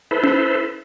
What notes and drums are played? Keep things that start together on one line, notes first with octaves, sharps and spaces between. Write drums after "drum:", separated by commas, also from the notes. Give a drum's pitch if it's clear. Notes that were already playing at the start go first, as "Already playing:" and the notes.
E4 A4 B4 C5
drum: tom C#4